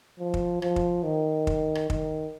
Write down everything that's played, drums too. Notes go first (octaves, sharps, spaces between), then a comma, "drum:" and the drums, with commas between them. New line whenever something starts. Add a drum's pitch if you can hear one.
F3
drum: kick
F3, drum: rim click
drum: kick
D#3
drum: kick
drum: rim click
D#3, drum: kick